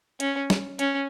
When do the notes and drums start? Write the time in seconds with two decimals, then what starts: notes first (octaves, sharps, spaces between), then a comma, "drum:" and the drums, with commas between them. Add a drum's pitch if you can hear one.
0.20 C#4, drum: hi-hat
0.50 drum: snare
0.79 C#4, drum: hi-hat